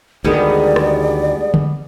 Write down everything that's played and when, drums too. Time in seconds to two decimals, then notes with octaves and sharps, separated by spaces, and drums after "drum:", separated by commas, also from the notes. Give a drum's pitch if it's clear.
0.24 D2 D#3 G3 G#3 B3 D5
0.76 drum: rim click
1.54 drum: tom D3